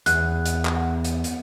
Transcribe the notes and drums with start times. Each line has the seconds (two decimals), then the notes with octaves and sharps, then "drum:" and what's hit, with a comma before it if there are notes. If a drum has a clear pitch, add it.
0.06 E2 F#6, drum: hi-hat
0.46 drum: hi-hat
0.65 drum: clap
0.76 F#5
1.04 drum: hi-hat
1.24 drum: hi-hat